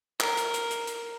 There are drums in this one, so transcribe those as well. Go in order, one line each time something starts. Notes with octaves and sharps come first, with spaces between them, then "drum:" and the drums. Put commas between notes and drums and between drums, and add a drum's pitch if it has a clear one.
A#4, drum: clap
drum: hi-hat
drum: hi-hat
drum: hi-hat
drum: hi-hat